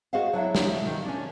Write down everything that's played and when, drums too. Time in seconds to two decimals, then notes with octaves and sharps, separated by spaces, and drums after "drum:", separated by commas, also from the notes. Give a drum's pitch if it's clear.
0.13 F#4 G#4 C5 D#5 F5 F#5
0.33 F#3 D4 E4 E5
0.55 drum: snare
0.86 D#3
1.05 C#4 D4